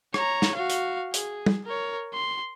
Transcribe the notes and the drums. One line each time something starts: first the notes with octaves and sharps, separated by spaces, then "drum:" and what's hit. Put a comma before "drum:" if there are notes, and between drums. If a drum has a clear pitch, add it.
C#5 A#5, drum: rim click
drum: snare
F#4 F5
drum: hi-hat
G#4, drum: hi-hat
drum: tom
A#4 C#5
C6